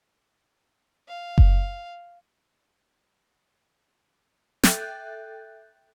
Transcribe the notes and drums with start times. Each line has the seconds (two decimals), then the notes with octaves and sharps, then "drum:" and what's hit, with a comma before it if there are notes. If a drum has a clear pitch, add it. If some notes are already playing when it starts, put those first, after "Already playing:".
1.08 F5
1.38 drum: kick F#1
4.63 A4 E5 G5 F#6 G6 A6, drum: snare